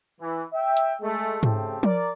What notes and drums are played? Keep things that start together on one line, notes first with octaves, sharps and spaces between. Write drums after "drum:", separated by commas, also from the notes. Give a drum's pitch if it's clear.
E3
E5 G5
drum: hi-hat
G#3 A3
C#3 A3 C4 G4 A5, drum: tom G#2
A#4 D5, drum: tom F3